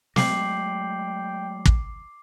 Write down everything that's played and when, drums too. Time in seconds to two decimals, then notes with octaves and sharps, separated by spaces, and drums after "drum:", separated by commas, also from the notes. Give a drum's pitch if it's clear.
0.16 F#3 G#3 A3 G5 D6 C7 F#7, drum: snare
1.65 drum: kick